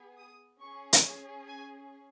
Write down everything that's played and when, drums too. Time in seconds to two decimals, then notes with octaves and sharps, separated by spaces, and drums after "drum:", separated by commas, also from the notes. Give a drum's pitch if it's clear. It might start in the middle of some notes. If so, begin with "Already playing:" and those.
Already playing: B3 G#4
0.18 D#6
0.61 C#4 G#4 C#6
0.93 drum: hi-hat
1.47 G#5